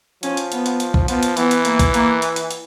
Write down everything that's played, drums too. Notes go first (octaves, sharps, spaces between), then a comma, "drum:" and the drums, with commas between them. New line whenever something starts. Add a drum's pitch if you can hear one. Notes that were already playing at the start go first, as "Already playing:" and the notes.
F3 C#4, drum: hi-hat
drum: hi-hat
B3, drum: hi-hat
drum: hi-hat
drum: hi-hat
drum: kick B1
F3 B3, drum: hi-hat
drum: hi-hat
E3 B3, drum: hi-hat
drum: hi-hat
A#3, drum: hi-hat
drum: kick B1, hi-hat
A#3, drum: hi-hat
drum: hi-hat
drum: hi-hat
drum: hi-hat